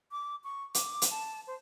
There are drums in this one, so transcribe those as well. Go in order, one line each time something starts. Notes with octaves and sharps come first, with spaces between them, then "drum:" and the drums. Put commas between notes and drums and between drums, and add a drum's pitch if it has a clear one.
D6
C#6
D6, drum: hi-hat
drum: hi-hat
A5
C5